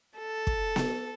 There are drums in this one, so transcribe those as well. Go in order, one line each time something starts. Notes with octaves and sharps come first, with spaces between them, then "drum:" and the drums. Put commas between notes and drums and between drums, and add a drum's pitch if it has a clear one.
A4
drum: kick
drum: snare B3